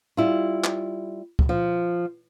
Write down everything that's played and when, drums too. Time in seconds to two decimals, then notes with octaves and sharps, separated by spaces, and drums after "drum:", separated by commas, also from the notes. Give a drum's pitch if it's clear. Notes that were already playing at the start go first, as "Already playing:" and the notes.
0.17 G3 E4 F4
0.64 drum: clap
1.39 drum: kick
1.49 F3